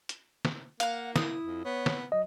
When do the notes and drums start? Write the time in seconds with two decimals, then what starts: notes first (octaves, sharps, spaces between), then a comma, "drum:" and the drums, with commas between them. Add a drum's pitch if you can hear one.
0.09 drum: hi-hat
0.45 drum: snare
0.80 A#3 F5 F#5, drum: hi-hat
1.16 E4 D#6, drum: snare
1.44 F2
1.65 B3 C#5
1.86 drum: snare
2.12 F#3 D#5